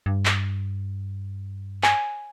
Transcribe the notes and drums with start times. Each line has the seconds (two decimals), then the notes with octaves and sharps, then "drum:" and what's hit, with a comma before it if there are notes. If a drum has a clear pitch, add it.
0.06 G2
0.26 drum: clap
1.83 G#5, drum: clap